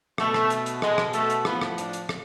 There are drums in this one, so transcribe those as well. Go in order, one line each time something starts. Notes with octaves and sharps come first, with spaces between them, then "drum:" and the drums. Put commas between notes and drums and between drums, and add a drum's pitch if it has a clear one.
B2 A3, drum: rim click
drum: rim click
drum: hi-hat
drum: hi-hat
B2 G#3, drum: rim click
drum: rim click
A3, drum: hi-hat
drum: hi-hat
A2 F3 B3, drum: rim click
drum: rim click
D4, drum: hi-hat
drum: hi-hat
drum: rim click